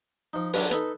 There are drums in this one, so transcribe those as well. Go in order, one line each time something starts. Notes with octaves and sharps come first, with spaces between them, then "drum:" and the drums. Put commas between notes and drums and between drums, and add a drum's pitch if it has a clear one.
F3 D#4
F#3 D4 F4 B4, drum: open hi-hat
D#4 A4 B4, drum: hi-hat